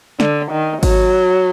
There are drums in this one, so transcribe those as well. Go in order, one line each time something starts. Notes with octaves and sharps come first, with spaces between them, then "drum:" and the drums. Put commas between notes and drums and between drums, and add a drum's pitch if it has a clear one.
D3, drum: snare
D#3
F#3, drum: kick G#1, cymbal